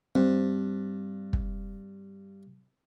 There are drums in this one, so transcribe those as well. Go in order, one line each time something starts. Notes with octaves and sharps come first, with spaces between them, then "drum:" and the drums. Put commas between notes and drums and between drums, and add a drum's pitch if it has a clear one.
G2 C4
drum: kick